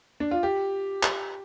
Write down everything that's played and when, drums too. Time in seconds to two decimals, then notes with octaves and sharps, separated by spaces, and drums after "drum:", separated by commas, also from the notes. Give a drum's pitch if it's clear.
0.20 D4
0.31 F4
0.43 G4
1.03 drum: clap